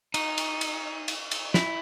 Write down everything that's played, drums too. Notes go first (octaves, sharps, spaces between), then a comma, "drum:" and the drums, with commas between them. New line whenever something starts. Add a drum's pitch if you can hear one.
D#4, drum: cymbal
drum: cymbal
drum: cymbal
drum: cymbal
drum: cymbal
E4, drum: snare